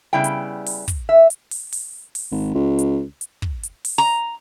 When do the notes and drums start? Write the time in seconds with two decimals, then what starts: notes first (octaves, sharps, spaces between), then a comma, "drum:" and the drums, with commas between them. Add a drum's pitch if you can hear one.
0.13 C#3 G3 B3 E4 G5
0.24 drum: hi-hat
0.66 drum: open hi-hat
0.88 drum: kick, hi-hat
1.09 E5
1.30 drum: hi-hat
1.51 drum: open hi-hat
1.72 drum: open hi-hat
2.15 drum: open hi-hat
2.31 G#1
2.54 C#2
2.79 drum: hi-hat
3.21 drum: hi-hat
3.42 drum: kick
3.63 drum: hi-hat
3.85 drum: open hi-hat
3.98 A#5